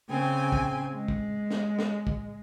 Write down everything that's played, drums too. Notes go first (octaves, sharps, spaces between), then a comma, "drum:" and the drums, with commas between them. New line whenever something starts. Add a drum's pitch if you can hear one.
C#3 C4 G5 G#5
drum: kick
G#3
drum: kick
drum: snare
drum: snare
drum: kick